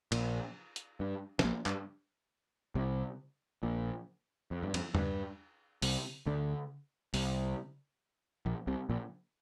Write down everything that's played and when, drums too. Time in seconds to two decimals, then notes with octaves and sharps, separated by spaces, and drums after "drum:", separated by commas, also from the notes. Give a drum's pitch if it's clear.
0.12 A#1 A#2, drum: cymbal
0.76 drum: hi-hat
1.00 G2
1.39 C3, drum: snare
1.44 A#1 A#2
1.66 G2, drum: clap
2.75 C2 C3
3.63 A#1 A#2
4.51 F2
4.63 G2
4.74 F2, drum: cymbal
4.95 G2, drum: tom E2
5.82 C2 C3, drum: open hi-hat
6.26 D2 D3
7.14 C2 C3, drum: open hi-hat
8.46 A#1 A#2
8.67 C2 C3
8.90 A#1 A#2